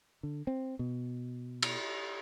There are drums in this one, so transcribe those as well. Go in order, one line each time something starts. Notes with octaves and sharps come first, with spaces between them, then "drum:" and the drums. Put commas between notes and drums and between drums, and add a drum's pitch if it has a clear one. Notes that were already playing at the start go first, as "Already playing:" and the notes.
D3
C4
B2
drum: cymbal